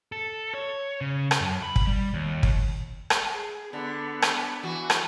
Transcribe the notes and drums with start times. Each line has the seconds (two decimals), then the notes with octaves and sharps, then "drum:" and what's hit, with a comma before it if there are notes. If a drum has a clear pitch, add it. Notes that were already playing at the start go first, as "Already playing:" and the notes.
0.12 A4
0.55 C#5
1.01 C#3
1.31 drum: rim click
1.41 F#2
1.63 B5
1.76 drum: kick
1.87 G3
2.14 D#2
2.43 drum: kick
3.10 drum: rim click
3.33 G#4
3.73 D3 B3
4.22 drum: rim click
4.63 E3 F#4
4.90 drum: rim click